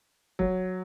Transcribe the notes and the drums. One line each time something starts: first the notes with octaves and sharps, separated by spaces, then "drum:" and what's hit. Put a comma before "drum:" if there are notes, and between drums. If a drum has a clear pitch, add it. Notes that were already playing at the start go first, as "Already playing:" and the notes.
F#3, drum: kick